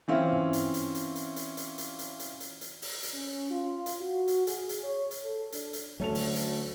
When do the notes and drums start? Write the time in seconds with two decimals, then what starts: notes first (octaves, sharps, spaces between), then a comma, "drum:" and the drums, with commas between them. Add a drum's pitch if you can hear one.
0.08 E3 C4 C#4 E4 F4
0.32 drum: tom
0.53 drum: hi-hat
0.74 drum: hi-hat
0.95 drum: hi-hat
1.15 drum: hi-hat
1.36 drum: hi-hat
1.57 drum: hi-hat
1.78 drum: hi-hat
1.99 drum: hi-hat
2.19 drum: hi-hat
2.40 drum: hi-hat
2.61 drum: hi-hat
2.82 drum: open hi-hat
3.03 drum: hi-hat
3.13 C#4
3.50 F4
3.86 drum: hi-hat
4.00 F#4
4.28 drum: hi-hat
4.47 G#4, drum: hi-hat
4.69 drum: hi-hat
4.82 C#5
5.11 drum: hi-hat
5.23 A4
5.52 D4, drum: hi-hat
5.73 drum: hi-hat
6.00 D2 F#3 A3 C#4 A4 F7
6.15 drum: open hi-hat
6.36 drum: hi-hat